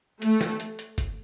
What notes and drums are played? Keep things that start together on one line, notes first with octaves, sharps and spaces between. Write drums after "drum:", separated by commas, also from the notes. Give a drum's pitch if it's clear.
A3, drum: hi-hat
drum: snare
drum: hi-hat
drum: hi-hat
drum: kick G1, hi-hat